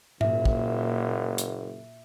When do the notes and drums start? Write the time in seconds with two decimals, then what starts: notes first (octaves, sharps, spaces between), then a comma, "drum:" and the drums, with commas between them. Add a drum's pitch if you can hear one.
0.21 F#1 A#2 E5, drum: tom G#2
0.45 drum: kick
1.38 drum: hi-hat